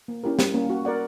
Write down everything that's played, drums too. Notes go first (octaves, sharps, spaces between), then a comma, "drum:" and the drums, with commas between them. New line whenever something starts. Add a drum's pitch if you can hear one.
A#3
C#4 E4 G4 A#4
G3, drum: snare
A#3 C#4
F#4
A#4 D5 F#5